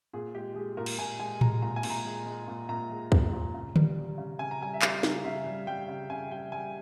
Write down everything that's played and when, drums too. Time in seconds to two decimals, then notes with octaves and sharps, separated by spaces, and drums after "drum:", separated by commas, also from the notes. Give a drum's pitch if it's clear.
0.13 A#2 G#4
0.35 G#3 G4
0.56 G#3 G#4
0.77 A#2 A#4
0.86 drum: cymbal
0.98 A#2 G#5
1.19 G#3 G#5
1.41 G#3 A#5, drum: tom A2
1.62 A#2 A#5
1.76 G#5
1.83 A#2, drum: cymbal
1.90 A#5
2.05 G#3
2.26 G#3
2.48 A#2
2.69 A#2 A#5
2.90 G#3
3.12 G#3, drum: kick
3.33 A#2
3.54 C#3
3.76 G3, drum: tom D3
3.97 G3
4.18 C#3
4.39 C#3 G#5
4.51 A#5
4.61 G3 G#5
4.74 E5
4.82 G3 F5, drum: clap
5.03 C#3, drum: snare
5.24 C#3 E5
5.46 G3
5.67 G3 G5
5.88 C#3
6.10 C#3 G#5
6.31 G3 G5
6.52 G3 G#5